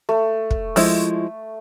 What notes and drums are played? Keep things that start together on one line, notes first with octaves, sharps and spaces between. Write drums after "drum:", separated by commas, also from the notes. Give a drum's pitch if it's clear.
A3
drum: kick
F3 G#3 E4, drum: open hi-hat